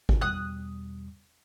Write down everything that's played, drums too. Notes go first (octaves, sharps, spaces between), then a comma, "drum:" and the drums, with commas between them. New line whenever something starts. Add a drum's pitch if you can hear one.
drum: kick G#1
E2 B2 G3 D#6 F#6